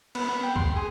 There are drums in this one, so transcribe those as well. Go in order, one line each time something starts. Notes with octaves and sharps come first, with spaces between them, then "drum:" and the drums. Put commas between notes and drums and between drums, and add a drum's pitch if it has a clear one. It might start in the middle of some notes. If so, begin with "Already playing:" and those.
B3, drum: cymbal
B3
G5
C6, drum: kick
G#4